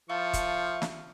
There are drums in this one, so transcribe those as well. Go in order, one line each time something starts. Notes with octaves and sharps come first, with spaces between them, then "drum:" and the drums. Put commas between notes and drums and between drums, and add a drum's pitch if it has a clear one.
F3 E4 F4 A4 C#6
drum: kick, hi-hat
drum: snare